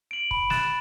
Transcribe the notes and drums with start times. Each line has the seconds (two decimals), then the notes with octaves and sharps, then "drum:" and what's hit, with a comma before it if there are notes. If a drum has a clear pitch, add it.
0.11 D7 F#7
0.31 B5, drum: kick
0.50 F#6 A6 E7, drum: snare